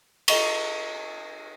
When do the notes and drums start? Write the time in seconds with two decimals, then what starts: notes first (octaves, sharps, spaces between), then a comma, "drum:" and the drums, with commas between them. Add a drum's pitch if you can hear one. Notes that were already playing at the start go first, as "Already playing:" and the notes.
0.28 F4 A4 D#5 A#5 C#6, drum: cymbal